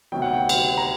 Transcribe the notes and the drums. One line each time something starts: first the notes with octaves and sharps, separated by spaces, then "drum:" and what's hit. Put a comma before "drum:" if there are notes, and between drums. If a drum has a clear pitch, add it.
D2 C3 D#3 F#3 B3 G5
F#5
G5
drum: cymbal
A#5